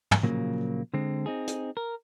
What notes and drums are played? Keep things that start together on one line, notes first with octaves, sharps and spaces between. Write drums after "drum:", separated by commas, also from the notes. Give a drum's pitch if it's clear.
drum: tom
A#2 C#3 F3 F#3 A#3
D3 G#3 C4
C4 D#4 G#4
drum: hi-hat
A#4